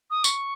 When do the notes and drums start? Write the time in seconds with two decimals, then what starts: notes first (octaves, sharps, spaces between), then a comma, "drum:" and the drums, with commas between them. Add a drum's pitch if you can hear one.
0.11 D#6
0.24 C#6, drum: tambourine